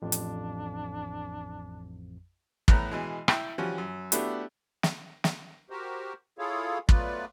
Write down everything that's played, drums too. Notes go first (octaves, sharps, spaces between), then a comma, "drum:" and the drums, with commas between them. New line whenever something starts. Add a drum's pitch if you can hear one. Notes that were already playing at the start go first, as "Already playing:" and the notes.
A1 F2 D4
drum: hi-hat
E2 A2 B3 A#5 F#6, drum: kick
B2 E3 G#3
E4 G5, drum: rim click
E3 F3 G3 C#4 F#4
F#2
A3 B3 D4 E4 F#4 G4, drum: hi-hat
drum: snare
drum: snare
F#4 G4 A#4 C5
E4 F4 G#4 A4 C#5 F5
F#3 A3 B3 F4 B4 D5, drum: kick